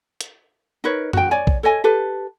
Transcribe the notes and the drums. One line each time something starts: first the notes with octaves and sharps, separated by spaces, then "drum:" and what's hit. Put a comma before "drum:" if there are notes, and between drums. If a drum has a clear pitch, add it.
drum: hi-hat
D#4 A#4 B4 C#5
F#4 G5, drum: tom F#2
C#5 D5 G#5
drum: kick A#1
A4 C#5 D#5 G#5
G4 A4 B4